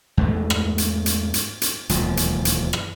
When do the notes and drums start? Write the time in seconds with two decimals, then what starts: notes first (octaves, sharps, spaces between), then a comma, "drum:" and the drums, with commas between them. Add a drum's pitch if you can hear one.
0.17 E2 G#2 A3
0.50 drum: rim click
0.78 drum: hi-hat
1.06 drum: hi-hat
1.34 drum: hi-hat
1.62 drum: hi-hat
1.89 E1 D#2 F3 F#3, drum: hi-hat
2.17 drum: hi-hat
2.45 drum: hi-hat
2.73 drum: rim click